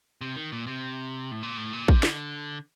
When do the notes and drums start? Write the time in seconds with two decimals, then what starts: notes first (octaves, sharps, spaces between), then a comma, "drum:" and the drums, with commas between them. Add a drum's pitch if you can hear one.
0.21 C3
0.36 D#3
0.52 A#2
0.67 C3
1.31 A2
1.43 A#2
1.57 A2
1.73 A#2
1.88 C3, drum: kick
2.03 D3, drum: snare